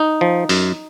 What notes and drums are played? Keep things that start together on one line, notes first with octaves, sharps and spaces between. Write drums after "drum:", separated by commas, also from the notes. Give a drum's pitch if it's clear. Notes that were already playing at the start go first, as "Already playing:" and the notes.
Already playing: D#4
F3
F#2, drum: open hi-hat